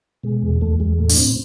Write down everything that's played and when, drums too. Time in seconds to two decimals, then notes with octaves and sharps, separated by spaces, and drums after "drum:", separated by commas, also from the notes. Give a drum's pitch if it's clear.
0.23 B2 G#3
0.43 E2
0.61 E2 A3
0.80 E2 G#3
0.99 A2 A3
1.10 D4, drum: open hi-hat
1.18 A2 C4